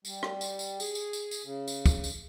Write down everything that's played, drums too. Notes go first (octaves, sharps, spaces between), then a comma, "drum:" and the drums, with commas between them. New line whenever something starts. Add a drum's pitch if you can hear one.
G3, drum: tambourine
drum: rim click
drum: tambourine
drum: tambourine
G#4, drum: tambourine
drum: tambourine
drum: tambourine
drum: tambourine
C#3
drum: tambourine
drum: kick, tambourine
drum: tambourine